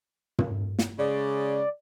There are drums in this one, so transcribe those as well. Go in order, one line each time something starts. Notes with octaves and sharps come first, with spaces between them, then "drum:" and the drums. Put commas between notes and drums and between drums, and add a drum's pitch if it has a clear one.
drum: tom
drum: snare
C#3 G#3 D5